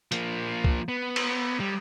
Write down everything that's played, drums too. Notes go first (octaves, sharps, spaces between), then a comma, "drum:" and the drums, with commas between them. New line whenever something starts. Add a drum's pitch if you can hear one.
F3 A#3, drum: hi-hat
drum: kick C2
B3
drum: cymbal
G3